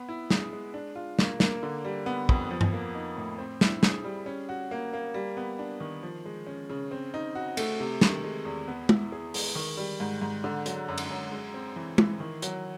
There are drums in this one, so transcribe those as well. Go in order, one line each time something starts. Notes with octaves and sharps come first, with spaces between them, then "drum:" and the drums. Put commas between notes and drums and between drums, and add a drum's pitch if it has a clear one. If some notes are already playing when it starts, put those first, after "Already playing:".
Already playing: B3
E4
G#4, drum: snare
G#3
D4
F4
A#3, drum: snare
A#3, drum: snare
D3
G3
B3
F2, drum: kick
F3
drum: tom G2
A#3
D#4
A2
C4
E4, drum: snare
G#4, drum: snare
G3
C#4
F#4
A#3
A#3
G3
B3
D4
D#3
F3
G#3
C#4
C#3
C4
D#4
F#4
A3, drum: cymbal
C3
D#3, drum: snare
G#3
E2
B3
E4, drum: tom
G#4
G#3, drum: open hi-hat
D#3
G3
G#2
G#2
D3
F#3, drum: hi-hat
F#2
drum: cymbal
F#2
G#3
C4
E3
E3, drum: tom
D#3
F#3, drum: hi-hat